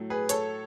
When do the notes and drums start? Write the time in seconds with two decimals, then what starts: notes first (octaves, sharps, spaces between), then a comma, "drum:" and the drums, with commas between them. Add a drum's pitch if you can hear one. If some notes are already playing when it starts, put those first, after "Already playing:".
Already playing: A2 F#3 A3
0.10 G#4 B4
0.29 A4 C#5, drum: hi-hat